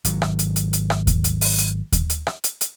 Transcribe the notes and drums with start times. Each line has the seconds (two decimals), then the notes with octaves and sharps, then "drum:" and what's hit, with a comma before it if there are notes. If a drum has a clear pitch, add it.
0.05 G#1 F#3, drum: hi-hat
0.22 drum: rim click
0.39 drum: hi-hat
0.56 drum: hi-hat
0.73 drum: hi-hat
0.90 drum: rim click
1.07 drum: kick D#2, hi-hat
1.24 drum: hi-hat
1.41 drum: open hi-hat
1.58 drum: hi-hat
1.92 drum: kick D#2, hi-hat
2.10 drum: hi-hat
2.27 drum: rim click
2.44 drum: hi-hat
2.61 drum: hi-hat